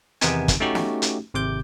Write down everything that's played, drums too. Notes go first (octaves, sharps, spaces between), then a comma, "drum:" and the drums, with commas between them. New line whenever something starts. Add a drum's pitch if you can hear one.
E2 C3 D#3 B3 D#4 G#5, drum: hi-hat
drum: kick, hi-hat
A3 C#4 D#4 F#4 G4
drum: snare
drum: hi-hat
G#1 C3 D6 G6